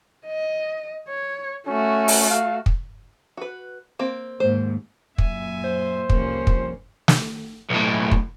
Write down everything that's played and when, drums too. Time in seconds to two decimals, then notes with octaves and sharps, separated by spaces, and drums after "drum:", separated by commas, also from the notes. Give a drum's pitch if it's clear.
0.26 D#5
1.08 C#5
1.67 A3 C#4 F#4
2.08 drum: open hi-hat
2.30 F5
2.66 drum: kick
3.37 F#4 B4
3.99 A#3 C4
4.40 D#2 G#2 C5
5.18 F#2 A#2 E5 G#5, drum: kick
5.64 C5
6.10 C2 F2 F3 G3 A#3 C#4, drum: kick
6.47 drum: kick
7.08 drum: snare
7.70 B1 A2
8.11 drum: kick